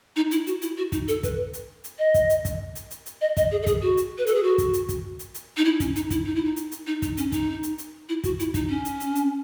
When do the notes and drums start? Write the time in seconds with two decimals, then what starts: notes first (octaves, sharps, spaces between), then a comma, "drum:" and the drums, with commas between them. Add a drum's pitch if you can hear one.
0.16 D#4
0.31 E4, drum: hi-hat
0.47 F#4, drum: hi-hat
0.62 E4, drum: hi-hat
0.77 F#4
0.92 D#4, drum: kick, hi-hat
1.08 A4, drum: hi-hat
1.23 B4, drum: kick, hi-hat
1.53 drum: hi-hat
1.84 drum: hi-hat
1.99 D#5
2.14 drum: kick, hi-hat
2.30 drum: hi-hat
2.45 drum: kick, hi-hat
2.75 drum: hi-hat
2.91 drum: hi-hat
3.06 drum: hi-hat
3.21 D#5
3.37 D#5, drum: kick, hi-hat
3.52 G#4
3.62 A4
3.66 G#4, drum: kick, hi-hat
3.82 F#4
3.97 drum: hi-hat
4.18 B4
4.27 A4, drum: hi-hat
4.35 G#4
4.43 F#4
4.58 drum: kick, hi-hat
4.73 drum: hi-hat
4.89 drum: kick, hi-hat
5.19 drum: hi-hat
5.34 drum: hi-hat
5.57 D#4
5.65 E4
5.80 C#4, drum: kick, hi-hat
5.96 D#4, drum: hi-hat
6.10 E4, drum: kick, hi-hat
6.26 D#4
6.35 E4
6.45 D#4
6.56 drum: hi-hat
6.72 drum: hi-hat
6.87 D#4
7.02 D#4, drum: kick, hi-hat
7.17 C#4, drum: hi-hat
7.32 D#4, drum: kick, hi-hat
7.63 drum: hi-hat
7.78 drum: hi-hat
8.09 E4
8.24 F#4, drum: kick, hi-hat
8.40 E4, drum: hi-hat
8.54 D#4, drum: kick, hi-hat
8.69 C#4
8.85 drum: hi-hat
9.00 drum: hi-hat
9.15 drum: hi-hat